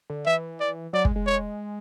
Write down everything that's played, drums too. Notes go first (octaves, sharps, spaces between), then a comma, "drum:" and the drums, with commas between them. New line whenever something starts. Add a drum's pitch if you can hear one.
D3
E3 E5
D5
F#3 D5
G#3, drum: kick
G#3
C#5